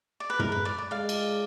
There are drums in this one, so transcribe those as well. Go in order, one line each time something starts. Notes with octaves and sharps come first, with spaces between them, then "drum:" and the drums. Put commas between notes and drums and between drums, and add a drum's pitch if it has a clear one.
D5
B4
G#3 A#4, drum: tom
B4
D5
D5
G#3 D5 F5
drum: cymbal